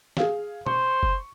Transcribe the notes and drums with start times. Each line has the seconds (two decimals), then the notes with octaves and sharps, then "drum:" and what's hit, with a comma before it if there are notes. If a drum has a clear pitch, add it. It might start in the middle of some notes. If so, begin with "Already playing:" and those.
0.17 G#4 F5, drum: snare
0.66 C5 C#6, drum: tom B2
1.03 drum: kick F#1